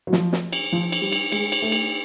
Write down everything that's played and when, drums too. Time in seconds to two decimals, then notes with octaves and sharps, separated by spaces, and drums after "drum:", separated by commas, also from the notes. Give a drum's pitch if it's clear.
0.07 F#3
0.13 F3, drum: snare
0.33 drum: snare
0.53 drum: cymbal
0.73 F3
0.92 drum: cymbal
1.02 G3
1.12 drum: cymbal
1.32 G#3, drum: cymbal
1.52 drum: cymbal
1.62 A3
1.72 drum: cymbal